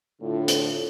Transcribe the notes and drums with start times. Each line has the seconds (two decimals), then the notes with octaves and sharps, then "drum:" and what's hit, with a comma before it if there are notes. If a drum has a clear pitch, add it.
0.21 A2 D3 F4
0.48 drum: hi-hat